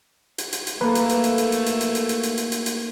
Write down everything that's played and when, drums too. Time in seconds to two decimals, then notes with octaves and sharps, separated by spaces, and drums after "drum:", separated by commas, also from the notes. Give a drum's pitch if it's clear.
0.38 drum: hi-hat
0.53 drum: hi-hat
0.67 drum: hi-hat
0.81 A3 A#3 A4 B4
0.95 drum: hi-hat
1.09 drum: hi-hat
1.24 drum: hi-hat
1.38 drum: hi-hat
1.52 drum: hi-hat
1.66 drum: hi-hat
1.81 drum: hi-hat
1.95 drum: hi-hat
2.09 drum: hi-hat
2.23 drum: hi-hat
2.38 drum: hi-hat
2.52 drum: hi-hat
2.66 drum: hi-hat